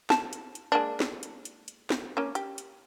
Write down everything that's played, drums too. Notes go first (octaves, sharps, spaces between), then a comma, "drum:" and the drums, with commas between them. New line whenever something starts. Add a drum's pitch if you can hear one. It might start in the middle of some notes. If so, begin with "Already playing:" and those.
A5, drum: snare
drum: hi-hat
drum: hi-hat
G#3 A#3 D4
drum: snare
drum: hi-hat
drum: hi-hat
drum: hi-hat
drum: snare
A#3 C#4
G4, drum: hi-hat
drum: hi-hat